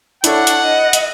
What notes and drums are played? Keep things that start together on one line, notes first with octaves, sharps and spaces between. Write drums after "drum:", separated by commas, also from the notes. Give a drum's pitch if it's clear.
D4 E4 A4 C#5 F#5, drum: hi-hat
drum: hi-hat
D#5
drum: hi-hat